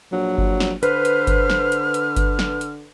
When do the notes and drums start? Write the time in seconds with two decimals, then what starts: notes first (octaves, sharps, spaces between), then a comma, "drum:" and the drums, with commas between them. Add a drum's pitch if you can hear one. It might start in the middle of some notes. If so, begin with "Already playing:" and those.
0.12 A#1 F#3
0.38 drum: kick G1
0.60 drum: snare
0.83 D3 B4 C5 F6, drum: hi-hat
1.05 drum: hi-hat
1.27 drum: kick G1, hi-hat
1.50 drum: snare
1.72 drum: hi-hat
1.94 drum: hi-hat
2.17 drum: kick G1, hi-hat
2.39 drum: snare
2.61 drum: hi-hat